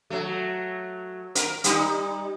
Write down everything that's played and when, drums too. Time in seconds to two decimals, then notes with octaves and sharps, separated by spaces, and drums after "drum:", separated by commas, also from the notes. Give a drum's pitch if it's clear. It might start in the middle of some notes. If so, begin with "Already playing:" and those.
0.10 F#3 A3
1.35 A#4, drum: hi-hat
1.64 G3 D#4, drum: hi-hat